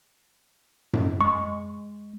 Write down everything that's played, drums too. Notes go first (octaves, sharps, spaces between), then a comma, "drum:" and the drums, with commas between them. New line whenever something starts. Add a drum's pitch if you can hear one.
drum: tom F#2
G#3 C#6